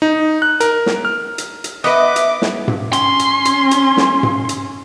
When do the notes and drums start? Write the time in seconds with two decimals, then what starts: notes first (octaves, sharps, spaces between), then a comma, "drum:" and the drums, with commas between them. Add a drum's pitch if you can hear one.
0.02 D#4
0.42 F#6
0.60 A#4, drum: hi-hat
0.86 drum: snare
1.05 F6
1.38 drum: hi-hat
1.64 drum: hi-hat
1.84 B3 B4 D#5 E5 D6
2.16 drum: hi-hat
2.42 drum: snare
2.68 drum: tom G#2
2.93 C#4 C6, drum: hi-hat
3.19 drum: hi-hat
3.45 drum: hi-hat
3.71 drum: hi-hat
3.97 drum: snare
4.23 drum: tom G#2
4.49 drum: hi-hat